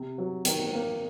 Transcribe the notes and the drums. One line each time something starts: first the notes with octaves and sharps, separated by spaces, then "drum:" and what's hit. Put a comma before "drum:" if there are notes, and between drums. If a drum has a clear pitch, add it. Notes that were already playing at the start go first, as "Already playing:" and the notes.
Already playing: C3
F#3
D#3, drum: hi-hat
A#3